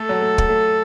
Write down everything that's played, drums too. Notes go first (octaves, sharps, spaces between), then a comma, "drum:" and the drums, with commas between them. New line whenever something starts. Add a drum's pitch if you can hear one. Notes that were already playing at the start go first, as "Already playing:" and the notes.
Already playing: A3 A4
F#3
A3
drum: kick
A3